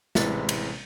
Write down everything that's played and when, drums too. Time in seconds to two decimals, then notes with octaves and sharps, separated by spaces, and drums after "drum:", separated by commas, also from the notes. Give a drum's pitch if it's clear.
0.15 A1 C3 G#3 E4 B4 A6, drum: snare
0.49 drum: cymbal